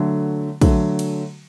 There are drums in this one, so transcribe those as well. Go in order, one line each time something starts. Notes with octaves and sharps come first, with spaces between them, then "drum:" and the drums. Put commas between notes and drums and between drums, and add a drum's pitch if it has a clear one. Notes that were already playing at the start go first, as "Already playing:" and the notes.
Already playing: D3 F#3 A3
D3 F#3 A3, drum: kick, cymbal
drum: cymbal